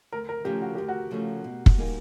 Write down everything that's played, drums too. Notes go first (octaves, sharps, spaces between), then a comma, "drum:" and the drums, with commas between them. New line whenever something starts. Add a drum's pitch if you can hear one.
D2 A#4
A#4
C#3 F3 A3 C#4 G4
F#4
D2 G4
F#4
C#3 F3 A3 C#4
B2
drum: kick
G3 A#3 D#4 G#4